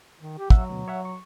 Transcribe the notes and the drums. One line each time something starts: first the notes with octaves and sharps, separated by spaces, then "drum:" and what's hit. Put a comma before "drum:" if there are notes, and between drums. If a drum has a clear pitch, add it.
D#3
G4
F#3 E5 F#5 E6, drum: kick
D2 B2
C#5 E5 F#5
C#6